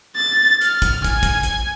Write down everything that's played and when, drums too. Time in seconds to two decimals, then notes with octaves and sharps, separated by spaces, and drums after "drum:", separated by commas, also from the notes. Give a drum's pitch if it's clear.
0.16 A6
0.61 F6, drum: hi-hat
0.82 drum: kick, hi-hat
1.04 G#5, drum: kick, hi-hat
1.23 drum: kick, hi-hat
1.43 drum: hi-hat